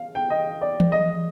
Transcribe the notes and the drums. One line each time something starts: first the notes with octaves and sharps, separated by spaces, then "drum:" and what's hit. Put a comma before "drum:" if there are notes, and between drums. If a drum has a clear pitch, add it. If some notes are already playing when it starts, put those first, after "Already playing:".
Already playing: F5
G5
D#5
D5
drum: tom E3
D#5